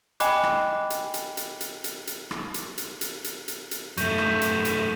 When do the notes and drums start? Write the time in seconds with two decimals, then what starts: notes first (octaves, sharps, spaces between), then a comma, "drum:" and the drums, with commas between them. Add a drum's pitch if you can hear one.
0.20 D#5 G5 G#5 B5 D6 F#6, drum: hi-hat
0.43 drum: rim click
0.90 drum: hi-hat
1.14 drum: hi-hat
1.37 drum: hi-hat
1.61 drum: hi-hat
1.84 drum: hi-hat
2.07 drum: hi-hat
2.31 drum: rim click
2.54 drum: hi-hat
2.78 drum: hi-hat
3.01 drum: hi-hat
3.24 drum: hi-hat
3.48 drum: hi-hat
3.71 drum: hi-hat
3.97 F#2 A3 C#6 G6 D#7, drum: hi-hat
4.18 drum: rim click
4.41 drum: hi-hat
4.65 drum: hi-hat